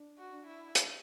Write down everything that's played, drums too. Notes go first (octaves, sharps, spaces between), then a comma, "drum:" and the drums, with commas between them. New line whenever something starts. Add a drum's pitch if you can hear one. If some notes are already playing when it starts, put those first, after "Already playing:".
Already playing: D4
F#4
D4
E4
drum: hi-hat